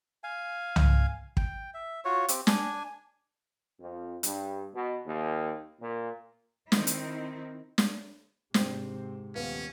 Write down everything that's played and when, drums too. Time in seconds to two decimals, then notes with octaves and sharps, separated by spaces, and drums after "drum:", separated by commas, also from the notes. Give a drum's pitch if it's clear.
0.24 F5 G#5
0.76 drum: tom C2
1.37 G5, drum: kick
1.74 E5
2.05 F4 F#4 C#5
2.28 C4 G4, drum: hi-hat
2.47 D4 G#5, drum: snare
3.79 F2
4.23 G2, drum: hi-hat
4.74 B2
5.06 D#2
5.81 A#2
6.72 D#3 C4 D#4 E4, drum: snare
6.87 drum: hi-hat
7.78 drum: snare
8.54 G#2 C3 C4 C5, drum: snare
9.35 D#1 B3 C#4 F5